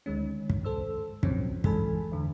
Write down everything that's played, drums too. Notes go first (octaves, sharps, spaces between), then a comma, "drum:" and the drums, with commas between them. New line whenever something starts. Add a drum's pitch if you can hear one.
D2 D#3 G#3 C#4
drum: kick
A4 C5 E6
B2 F3 F#3 C4 C#4, drum: kick
E3 G#3 A4 G#5 A5 B5, drum: kick
E2 D3